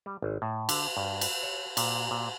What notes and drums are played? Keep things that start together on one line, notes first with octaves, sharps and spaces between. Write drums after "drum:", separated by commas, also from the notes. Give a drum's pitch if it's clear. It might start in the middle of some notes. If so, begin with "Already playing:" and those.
G3
G#1
A2
D3, drum: cymbal
G2
drum: cymbal
C#5
A#2, drum: cymbal
A#2